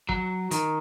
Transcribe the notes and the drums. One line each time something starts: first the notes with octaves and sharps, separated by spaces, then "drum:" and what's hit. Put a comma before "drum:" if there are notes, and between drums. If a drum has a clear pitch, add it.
F#3, drum: kick
D#3, drum: hi-hat